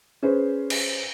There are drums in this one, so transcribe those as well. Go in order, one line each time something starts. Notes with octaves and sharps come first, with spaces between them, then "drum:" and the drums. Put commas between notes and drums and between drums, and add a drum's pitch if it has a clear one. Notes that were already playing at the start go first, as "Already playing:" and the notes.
C#4 G#4 B4 C5
drum: cymbal